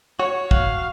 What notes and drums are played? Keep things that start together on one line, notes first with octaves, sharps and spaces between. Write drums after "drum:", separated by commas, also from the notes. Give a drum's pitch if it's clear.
F#4 C#5
F#4 F5, drum: kick